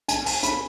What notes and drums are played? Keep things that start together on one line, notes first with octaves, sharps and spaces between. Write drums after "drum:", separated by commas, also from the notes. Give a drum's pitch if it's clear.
G#5, drum: hi-hat
G#5, drum: open hi-hat
B5, drum: hi-hat